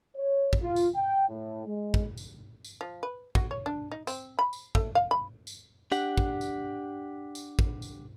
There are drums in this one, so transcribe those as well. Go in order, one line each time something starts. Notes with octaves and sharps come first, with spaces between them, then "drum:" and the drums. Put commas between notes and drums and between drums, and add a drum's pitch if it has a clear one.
C#5
drum: kick
F4
drum: tambourine
G5
A2
G#3
drum: kick
drum: tambourine
drum: tambourine
F3
B4
F#4, drum: kick
C#5
D4
D#4
C4, drum: tambourine
B5
drum: tambourine
A3, drum: kick
F5
B5
drum: tambourine
D4 G4 F#5, drum: tambourine
drum: kick
drum: tambourine
drum: tambourine
drum: kick
drum: tambourine